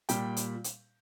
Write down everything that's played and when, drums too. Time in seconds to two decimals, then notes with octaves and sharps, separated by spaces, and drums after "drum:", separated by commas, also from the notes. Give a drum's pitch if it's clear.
0.09 A#2 G3 G5, drum: hi-hat
0.37 drum: hi-hat
0.64 drum: hi-hat